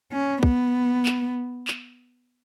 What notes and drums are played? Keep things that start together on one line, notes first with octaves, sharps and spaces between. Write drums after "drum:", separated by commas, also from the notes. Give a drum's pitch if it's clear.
C#4
B3, drum: kick
drum: clap
drum: clap